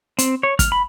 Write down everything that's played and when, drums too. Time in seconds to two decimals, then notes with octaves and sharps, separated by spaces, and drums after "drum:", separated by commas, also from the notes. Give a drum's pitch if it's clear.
0.19 C4, drum: hi-hat
0.43 C#5
0.59 F6, drum: kick, hi-hat
0.72 B5